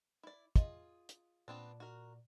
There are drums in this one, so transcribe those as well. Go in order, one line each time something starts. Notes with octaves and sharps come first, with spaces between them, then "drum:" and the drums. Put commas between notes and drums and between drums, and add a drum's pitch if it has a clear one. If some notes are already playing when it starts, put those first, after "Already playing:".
E4 D5
F4 G#4 D#5, drum: kick, hi-hat
drum: hi-hat
A#2 B3 C4 D4 D5
F#4 A#4